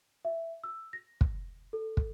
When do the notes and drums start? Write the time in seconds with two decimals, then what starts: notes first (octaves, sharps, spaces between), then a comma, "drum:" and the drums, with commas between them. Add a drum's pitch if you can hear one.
0.25 E5
0.64 E6
0.93 A#6
1.21 drum: kick
1.73 A4
1.97 drum: kick